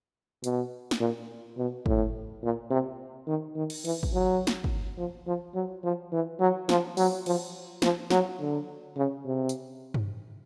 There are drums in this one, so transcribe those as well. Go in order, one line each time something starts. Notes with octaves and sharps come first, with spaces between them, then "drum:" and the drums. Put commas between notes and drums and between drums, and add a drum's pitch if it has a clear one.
B2, drum: hi-hat
drum: snare
A#2
B2
A2, drum: kick
A#2
C3
D#3
D#3
drum: cymbal
E3, drum: cymbal
drum: kick
F#3
drum: snare
drum: kick
F3
F3
F#3
F3
E3
F#3
F3, drum: snare
F#3, drum: open hi-hat
F3, drum: cymbal
F3, drum: snare
F#3, drum: snare
D3
C#3
C3
drum: hi-hat
drum: tom G2